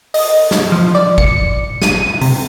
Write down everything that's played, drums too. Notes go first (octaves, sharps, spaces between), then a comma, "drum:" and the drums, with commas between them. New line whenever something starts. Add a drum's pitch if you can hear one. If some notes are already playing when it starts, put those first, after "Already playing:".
D#5, drum: open hi-hat
drum: snare
F3
D5
C#7, drum: kick G#1
D#7, drum: snare
C3, drum: open hi-hat